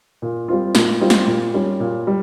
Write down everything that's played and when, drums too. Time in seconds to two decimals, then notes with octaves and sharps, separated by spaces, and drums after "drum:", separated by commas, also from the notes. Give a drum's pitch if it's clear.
0.22 A#2
0.48 G3 C4 F4
0.75 A#2, drum: snare
1.01 G3 C4 F4
1.10 drum: snare
1.27 A#2
1.54 G3 C#4
1.80 A#2
2.07 G3